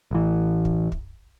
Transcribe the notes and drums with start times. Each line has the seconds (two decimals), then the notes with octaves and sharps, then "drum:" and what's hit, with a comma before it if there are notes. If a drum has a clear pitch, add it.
0.11 A1 E3
0.65 drum: kick
0.92 drum: kick